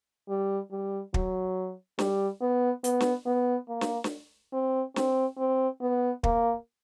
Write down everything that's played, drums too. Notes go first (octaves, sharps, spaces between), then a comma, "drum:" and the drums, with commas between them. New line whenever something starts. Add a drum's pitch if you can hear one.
G3
G3
F#3, drum: kick
G3, drum: snare
B3
B3, drum: hi-hat
drum: snare
B3
A#3
drum: snare
drum: snare
C4
C4, drum: snare
C4
B3
A#3, drum: kick